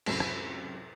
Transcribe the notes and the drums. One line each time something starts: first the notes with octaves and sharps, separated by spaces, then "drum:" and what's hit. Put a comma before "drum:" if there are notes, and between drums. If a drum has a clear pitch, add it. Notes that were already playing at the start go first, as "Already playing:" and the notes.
C#2 F#2 A2 C3 B5, drum: cymbal
drum: rim click